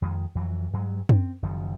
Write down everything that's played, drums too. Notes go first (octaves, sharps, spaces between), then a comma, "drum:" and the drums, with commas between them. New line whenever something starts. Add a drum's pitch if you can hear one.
F2 D#3 G#3
F2 E3 F#3
G2 F#3 G#3
C4, drum: tom F#2
F#1 F#2 D#3 F3